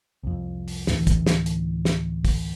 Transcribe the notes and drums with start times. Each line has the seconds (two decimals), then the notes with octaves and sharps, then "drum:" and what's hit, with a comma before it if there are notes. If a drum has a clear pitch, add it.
0.23 C2 F2
0.68 drum: open hi-hat
0.87 D2 A2 E3, drum: snare
1.07 drum: kick, hi-hat
1.27 drum: snare
1.46 drum: hi-hat
1.85 drum: snare
2.25 drum: kick, open hi-hat